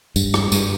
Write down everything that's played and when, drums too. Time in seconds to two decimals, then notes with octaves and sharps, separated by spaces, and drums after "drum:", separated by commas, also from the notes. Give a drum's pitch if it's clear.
0.16 G2, drum: tambourine
0.34 drum: rim click
0.52 G2, drum: tambourine